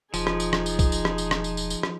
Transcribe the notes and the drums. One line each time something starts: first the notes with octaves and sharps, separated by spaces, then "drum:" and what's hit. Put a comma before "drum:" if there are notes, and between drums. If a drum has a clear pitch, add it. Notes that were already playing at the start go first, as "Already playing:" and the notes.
E1 F3 D#4 G#4, drum: tambourine
drum: rim click
drum: tambourine
drum: rim click
drum: tambourine
drum: kick, tambourine
drum: tambourine
drum: rim click
drum: tambourine
drum: rim click
drum: tambourine
drum: tambourine
drum: tambourine
drum: rim click